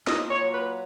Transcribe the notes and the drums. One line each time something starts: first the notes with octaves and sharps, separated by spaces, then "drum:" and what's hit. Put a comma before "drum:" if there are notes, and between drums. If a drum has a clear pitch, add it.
A#2 D#5, drum: snare
C#5
F#3
B4